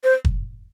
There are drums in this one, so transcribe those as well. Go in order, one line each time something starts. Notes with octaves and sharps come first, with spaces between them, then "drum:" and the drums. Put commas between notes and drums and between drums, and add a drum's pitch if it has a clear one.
C5
drum: kick